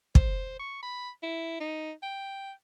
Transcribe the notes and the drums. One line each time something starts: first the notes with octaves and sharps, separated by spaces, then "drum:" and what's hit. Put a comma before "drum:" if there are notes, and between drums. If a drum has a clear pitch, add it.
C5, drum: kick
C#6
B5
E4
D#4
G5